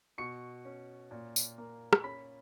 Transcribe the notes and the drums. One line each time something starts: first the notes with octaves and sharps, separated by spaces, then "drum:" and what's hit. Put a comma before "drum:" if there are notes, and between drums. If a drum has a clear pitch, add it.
B2 C#6 C#7
C#4
A#2
drum: tambourine
A#3
drum: rim click
C#4 B5 B6